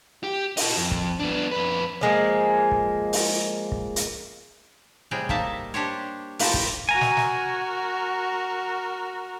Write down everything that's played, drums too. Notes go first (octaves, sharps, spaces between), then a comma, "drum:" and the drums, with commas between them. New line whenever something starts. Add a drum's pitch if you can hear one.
G4
F#4 D#5, drum: open hi-hat
F2
drum: kick
B3 D4
F2 B4
F3 G#3 A#3
drum: kick
drum: open hi-hat
drum: kick
drum: hi-hat
A2 C3 G3 G#4 G5
A#3 D#4 E5 A5, drum: kick
D4 G4 C5 C#5
A#3 B4 C5 G5 A5, drum: open hi-hat
drum: kick
F#4 A#4 G#5 A#5
drum: snare
drum: snare